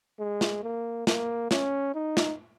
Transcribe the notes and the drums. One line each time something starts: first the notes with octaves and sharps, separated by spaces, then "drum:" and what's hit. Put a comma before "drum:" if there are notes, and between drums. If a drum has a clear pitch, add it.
G#3
drum: snare
A#3
A#3, drum: snare
C#4, drum: snare
D#4
drum: snare